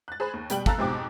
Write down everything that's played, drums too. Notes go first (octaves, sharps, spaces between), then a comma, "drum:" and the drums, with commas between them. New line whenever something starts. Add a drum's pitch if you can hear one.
F#6 A6
G#4 C5 B5
D#2
B2 G3 G5 F#7, drum: hi-hat
A4 F5 A#5 E6 F#6 A6, drum: kick
F2 G#2 B2 C4 G4 D6